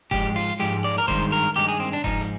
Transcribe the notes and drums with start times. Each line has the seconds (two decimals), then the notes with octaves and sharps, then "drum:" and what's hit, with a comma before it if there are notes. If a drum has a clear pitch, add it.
0.11 G#2 F3 G#3 G4, drum: kick F1
0.36 F4
0.60 G#2 F3 G#3 G4, drum: hi-hat
0.84 D5
0.98 A#4
1.08 G2 D#3 G#3 C5, drum: kick F1
1.32 A#4
1.56 G2 D#3 G#3 G4, drum: hi-hat
1.69 G#4
1.80 C4
1.93 D4
2.04 G#2 F3 G#3 D#4, drum: kick F1
2.21 drum: hi-hat